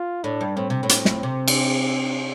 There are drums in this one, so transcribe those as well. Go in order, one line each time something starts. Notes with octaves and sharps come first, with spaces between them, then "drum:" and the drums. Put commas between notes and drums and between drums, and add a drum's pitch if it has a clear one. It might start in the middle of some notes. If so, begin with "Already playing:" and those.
Already playing: F4
A2 D4
G2
A2 C4
C3
A2
C4, drum: hi-hat
drum: snare
C3
drum: cymbal